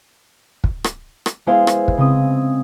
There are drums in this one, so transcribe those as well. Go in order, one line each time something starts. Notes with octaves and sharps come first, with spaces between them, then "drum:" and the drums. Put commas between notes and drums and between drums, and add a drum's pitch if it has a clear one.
drum: kick
drum: rim click
drum: rim click
G#3 B3 E4 G#4 C5 F5
drum: rim click
drum: kick
C#3 C4 D#6